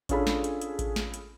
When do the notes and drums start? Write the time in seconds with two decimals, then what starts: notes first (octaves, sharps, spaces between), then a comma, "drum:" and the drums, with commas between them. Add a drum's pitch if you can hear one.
0.09 C#4 D4 F4 G#4 A4 B5, drum: kick A1, hi-hat
0.27 drum: snare
0.44 drum: hi-hat
0.61 drum: hi-hat
0.79 drum: kick A1, hi-hat
0.96 drum: snare
1.14 drum: hi-hat